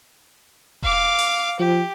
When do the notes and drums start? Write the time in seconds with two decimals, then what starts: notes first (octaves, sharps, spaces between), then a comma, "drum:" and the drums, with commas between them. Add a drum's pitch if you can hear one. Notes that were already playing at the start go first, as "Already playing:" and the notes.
0.82 F5 D6, drum: kick E1
1.18 drum: open hi-hat
1.59 F3 G4